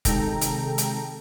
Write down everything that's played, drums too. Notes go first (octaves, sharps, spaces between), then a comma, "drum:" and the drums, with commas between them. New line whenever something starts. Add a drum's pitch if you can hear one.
C3 D#3 G#3 A4 G5 A#5, drum: kick, hi-hat
drum: hi-hat
drum: hi-hat